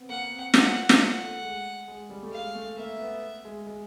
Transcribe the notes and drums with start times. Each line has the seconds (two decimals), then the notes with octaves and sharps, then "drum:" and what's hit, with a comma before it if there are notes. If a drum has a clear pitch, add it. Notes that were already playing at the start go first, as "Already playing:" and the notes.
Already playing: B3 C4
0.09 A#3 F#5
0.32 C4
0.54 B3 F#5, drum: snare
0.89 drum: snare
0.98 A#3 F#5
1.21 A3
1.43 G#3
1.88 G#3
2.10 G3
2.23 A3
2.32 G#3 F5
2.55 A3
2.77 A#3 E5
2.99 B3
3.45 G#3
3.66 G#3